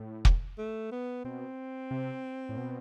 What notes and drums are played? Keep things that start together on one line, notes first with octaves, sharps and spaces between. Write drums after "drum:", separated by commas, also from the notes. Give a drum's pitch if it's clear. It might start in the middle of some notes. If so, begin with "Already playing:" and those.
Already playing: A2
drum: kick
A3
B3
B2 C4
C3
A2
B2